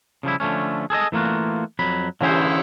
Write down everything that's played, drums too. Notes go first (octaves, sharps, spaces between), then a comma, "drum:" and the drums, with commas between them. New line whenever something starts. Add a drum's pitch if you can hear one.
C#3 F3 G3 E4
D3 F3 A3 C#4
G#4 A4 C5 D#5
E3 A3 A#3 F4 F#4
F2 F#3 B5
D3 E3 C#4 E4 G#4 C5, drum: cymbal